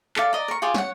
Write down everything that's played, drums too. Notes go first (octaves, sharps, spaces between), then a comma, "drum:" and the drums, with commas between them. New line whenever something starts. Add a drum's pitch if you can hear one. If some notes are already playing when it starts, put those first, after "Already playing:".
A4 D5 F5, drum: clap
D5 D#5 A#5
A#4 C#6
F4 G4 G#4 D5
C#5 F#5, drum: snare